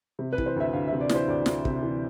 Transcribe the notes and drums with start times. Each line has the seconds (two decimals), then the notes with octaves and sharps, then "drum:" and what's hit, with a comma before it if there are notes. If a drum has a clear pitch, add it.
0.19 C3
0.33 B4
0.38 E3, drum: kick
0.46 C5
0.56 D2 E5
0.73 D2 F5
0.88 C3 E5
1.01 D5
1.09 E3 C5, drum: snare
1.28 D2 D5
1.46 D2, drum: snare
1.65 C3, drum: kick
1.83 E3